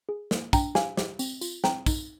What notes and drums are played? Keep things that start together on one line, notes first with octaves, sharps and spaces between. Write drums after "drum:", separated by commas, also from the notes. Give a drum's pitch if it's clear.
G#4
A#3, drum: snare
D4 G5 A#5, drum: kick, tambourine
G4 F5 G#5, drum: snare
G4, drum: snare
C4, drum: tambourine
F4, drum: tambourine
C4 G5 A#5, drum: snare
D#4, drum: kick, tambourine